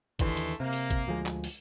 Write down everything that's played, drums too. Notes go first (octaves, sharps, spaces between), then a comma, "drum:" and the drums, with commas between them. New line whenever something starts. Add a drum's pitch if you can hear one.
D#2 D3 E3 G#3 A3 C6, drum: kick G#1, hi-hat
drum: hi-hat
C3 A#3
drum: open hi-hat
drum: kick G#1, hi-hat
D2 F3 G#3
drum: clap
drum: open hi-hat